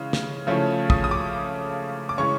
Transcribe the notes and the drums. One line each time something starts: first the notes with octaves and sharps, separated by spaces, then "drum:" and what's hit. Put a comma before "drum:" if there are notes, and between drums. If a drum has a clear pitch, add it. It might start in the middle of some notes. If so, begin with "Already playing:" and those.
Already playing: C#3 E3 G#3
drum: snare
C#3 F3 A3 C#4 E4
D#6, drum: kick
D#6
D6
D6
C#3 E3 G#3 C#4 C#6